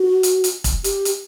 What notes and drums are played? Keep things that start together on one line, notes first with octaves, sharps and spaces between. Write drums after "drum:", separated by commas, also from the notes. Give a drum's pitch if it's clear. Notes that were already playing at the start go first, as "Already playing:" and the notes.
Already playing: F#4
drum: hi-hat
drum: hi-hat
drum: kick E1, hi-hat
G4, drum: hi-hat
drum: hi-hat